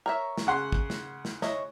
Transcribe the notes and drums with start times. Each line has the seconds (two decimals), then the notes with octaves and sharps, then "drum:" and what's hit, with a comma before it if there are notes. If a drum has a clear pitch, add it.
0.06 A#4 C#5 E5
0.38 drum: snare
0.47 C#3 F#5 C6
0.72 drum: kick
0.90 drum: snare
1.25 drum: snare
1.42 E4 C#5 D#5, drum: snare